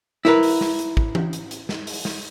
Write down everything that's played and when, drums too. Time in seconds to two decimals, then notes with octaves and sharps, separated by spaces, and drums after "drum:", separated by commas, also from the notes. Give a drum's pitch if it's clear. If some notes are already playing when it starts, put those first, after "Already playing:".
0.25 E4 A#4 B4, drum: snare
0.43 drum: open hi-hat
0.61 drum: snare
0.79 drum: hi-hat
0.97 drum: kick
1.15 drum: tom E3
1.33 drum: hi-hat
1.51 drum: hi-hat
1.69 drum: snare
1.87 drum: open hi-hat
2.05 drum: snare